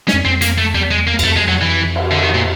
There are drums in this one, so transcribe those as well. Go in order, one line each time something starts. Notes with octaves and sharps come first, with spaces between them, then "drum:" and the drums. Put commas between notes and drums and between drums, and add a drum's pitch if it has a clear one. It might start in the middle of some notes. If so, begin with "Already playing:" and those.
C#4, drum: snare
F2
F2 C4
A#3, drum: hi-hat
A3
E2 G3
G#3
A#3
E2, drum: cymbal
F2 A3
G#3
F#3
E3
drum: cymbal
D3
D#3
A#2